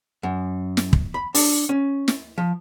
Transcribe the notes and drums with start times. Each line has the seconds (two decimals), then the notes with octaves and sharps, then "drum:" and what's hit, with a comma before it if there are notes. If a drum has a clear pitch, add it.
0.23 F#2
0.77 drum: snare
0.93 drum: kick
1.14 B5
1.35 D4, drum: open hi-hat
1.69 C#4
2.08 drum: snare
2.38 F3